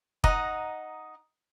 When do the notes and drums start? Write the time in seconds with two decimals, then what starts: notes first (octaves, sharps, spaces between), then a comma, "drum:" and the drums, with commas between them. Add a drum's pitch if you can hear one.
0.24 D#4 D#5 F#5 A#5, drum: kick F1